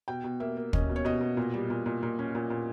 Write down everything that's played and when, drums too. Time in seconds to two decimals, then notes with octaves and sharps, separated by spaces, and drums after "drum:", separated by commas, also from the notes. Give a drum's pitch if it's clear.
0.08 B2 G5
0.24 B2
0.40 A#3 E5
0.57 A#3
0.73 C#4 D#5, drum: kick
0.89 B2
0.96 C#5
1.05 B2 D#5
1.21 B2
1.37 A#2
1.54 G3
1.70 A#2
1.86 A#2
2.03 A#2
2.19 C#4
2.35 A#2
2.50 A#2